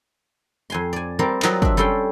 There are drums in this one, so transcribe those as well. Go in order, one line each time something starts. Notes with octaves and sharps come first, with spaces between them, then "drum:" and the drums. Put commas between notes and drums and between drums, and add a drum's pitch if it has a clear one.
F2 G#5 C6
D5 G#5
G3 C4 A#4 D5 F5
F#3 C4 F4 A#4 D#5 F5, drum: clap
D4 E5, drum: kick
G3 C#4 A4 G5 C6